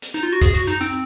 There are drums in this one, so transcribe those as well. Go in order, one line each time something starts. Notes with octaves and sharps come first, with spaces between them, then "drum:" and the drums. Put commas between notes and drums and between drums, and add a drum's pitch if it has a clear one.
drum: hi-hat
D#4, drum: hi-hat
F4
F#4
G#4, drum: kick, hi-hat
F#4, drum: hi-hat
D#4, drum: hi-hat
C4, drum: hi-hat